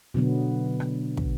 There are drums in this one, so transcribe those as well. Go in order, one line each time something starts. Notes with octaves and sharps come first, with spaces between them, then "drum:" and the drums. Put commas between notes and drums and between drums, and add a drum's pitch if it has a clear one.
B2 D3 F#3 B3
drum: rim click
drum: kick